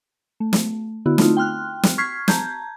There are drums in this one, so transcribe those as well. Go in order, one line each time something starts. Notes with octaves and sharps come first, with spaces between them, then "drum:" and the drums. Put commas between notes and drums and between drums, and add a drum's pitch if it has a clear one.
A3
drum: snare
D3 B3 E4 F#4
A3 C4 D#4 F4, drum: snare
G5 C6 F6 F#6
drum: snare
C#6 F6 G#6 B6 C7
A5 A#5 G6 G#6, drum: snare